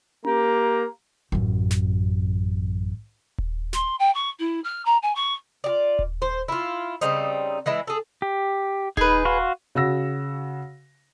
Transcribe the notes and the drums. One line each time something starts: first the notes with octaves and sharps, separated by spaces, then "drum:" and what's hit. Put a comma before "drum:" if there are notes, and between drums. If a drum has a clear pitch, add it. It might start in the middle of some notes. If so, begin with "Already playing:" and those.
A#3 G4 A#5, drum: tom C#4
A1 F#2
drum: snare
drum: kick D#1
C6, drum: snare
G5
C#6
E4
F6
A#5
G#5
C#6
F4 G4 D5
drum: kick D#1
C5
E4 F4
C#3 G3 C4 D#4, drum: hi-hat
E3 G#3 E4
G#4 A4
G4
D#4 G#4 B4, drum: kick D#1
F#4 F5 C6
C#3 F#4 E6 A#6